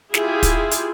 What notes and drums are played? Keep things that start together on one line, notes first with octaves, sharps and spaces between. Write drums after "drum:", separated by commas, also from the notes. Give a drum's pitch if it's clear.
E4 F4 G4 G#4, drum: snare
drum: kick, hi-hat
drum: hi-hat